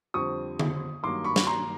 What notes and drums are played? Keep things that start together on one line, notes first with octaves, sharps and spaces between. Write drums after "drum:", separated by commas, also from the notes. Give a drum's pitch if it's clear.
F2 D3 G3 C4 C#6 D#6
drum: tom D3
G2 D#3 F#3 A#3 C6 D6
B5 C#6
drum: snare
A#5 C6